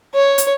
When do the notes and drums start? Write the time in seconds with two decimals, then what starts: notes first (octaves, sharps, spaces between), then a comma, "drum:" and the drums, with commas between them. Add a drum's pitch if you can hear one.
0.15 C#5
0.38 drum: hi-hat